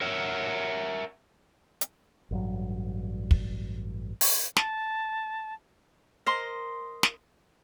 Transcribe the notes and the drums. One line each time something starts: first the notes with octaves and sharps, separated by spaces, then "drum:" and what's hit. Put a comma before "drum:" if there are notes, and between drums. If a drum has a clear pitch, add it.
A#4 C#5 E5 F#5
drum: hi-hat
A1 G2 F#3
drum: kick
drum: open hi-hat
A5, drum: snare
A#4 C5 D#5 C6
drum: snare